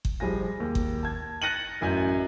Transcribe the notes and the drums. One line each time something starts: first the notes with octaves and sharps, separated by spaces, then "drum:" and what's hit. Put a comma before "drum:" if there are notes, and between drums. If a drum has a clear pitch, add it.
drum: kick G1
F3 G3 G#3 G#5 A#6
D#2
drum: kick G1
A5 G#6
F#6 A6 A#6 C#7 D#7 F#7
A1 F#2 G#5 G6